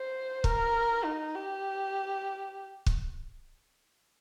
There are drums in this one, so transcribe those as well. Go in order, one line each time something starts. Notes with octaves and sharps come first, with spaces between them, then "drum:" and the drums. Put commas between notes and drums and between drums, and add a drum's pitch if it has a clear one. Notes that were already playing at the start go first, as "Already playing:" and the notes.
Already playing: C5
A#4, drum: kick
D#4
G4
drum: kick